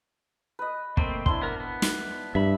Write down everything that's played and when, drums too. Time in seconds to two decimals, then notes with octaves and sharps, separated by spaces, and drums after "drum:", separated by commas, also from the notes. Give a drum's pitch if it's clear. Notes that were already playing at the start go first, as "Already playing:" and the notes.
0.59 B4 D#5
0.97 A3 A#3 C4, drum: kick
1.26 C4 D4 E4 C6, drum: kick
1.42 B3 A#4
1.60 B3
1.82 drum: snare
2.35 G2 E5 B5